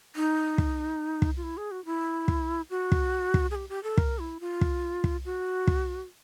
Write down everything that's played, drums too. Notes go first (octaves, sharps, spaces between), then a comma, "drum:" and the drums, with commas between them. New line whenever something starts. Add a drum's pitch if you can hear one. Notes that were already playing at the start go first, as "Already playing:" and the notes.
D#4
drum: kick
drum: kick
F4
E4
G#4
F#4
E4
drum: kick
F#4
drum: kick
drum: kick
G#4
G4
G4
A4
A#4, drum: kick
E4
F4
drum: kick
drum: kick
F#4
drum: kick